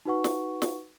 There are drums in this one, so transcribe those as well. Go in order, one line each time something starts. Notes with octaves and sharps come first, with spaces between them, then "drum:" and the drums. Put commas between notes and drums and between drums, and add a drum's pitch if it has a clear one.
D#4 F#4 B4 F#5 C#6
drum: snare
drum: snare